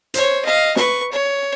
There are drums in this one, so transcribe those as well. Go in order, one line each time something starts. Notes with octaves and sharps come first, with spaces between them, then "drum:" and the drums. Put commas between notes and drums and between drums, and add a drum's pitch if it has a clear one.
C5 C#5, drum: hi-hat
D#5 F5
B4 C#6, drum: snare
C#5